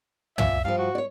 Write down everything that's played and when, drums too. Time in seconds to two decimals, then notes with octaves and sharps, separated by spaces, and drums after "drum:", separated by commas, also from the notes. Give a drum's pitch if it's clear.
0.38 A#2 E5, drum: tom
0.65 G2 F3 F5
0.78 F#4
0.95 C#5 D5